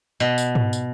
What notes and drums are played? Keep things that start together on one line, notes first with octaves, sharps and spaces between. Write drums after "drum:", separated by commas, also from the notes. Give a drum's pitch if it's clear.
B2
drum: tambourine
drum: tom G#2
drum: tambourine